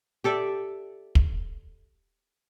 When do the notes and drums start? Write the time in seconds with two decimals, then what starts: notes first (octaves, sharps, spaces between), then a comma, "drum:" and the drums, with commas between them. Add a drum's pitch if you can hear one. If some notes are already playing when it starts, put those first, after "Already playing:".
0.24 G4 A4 D5 E5
1.15 drum: kick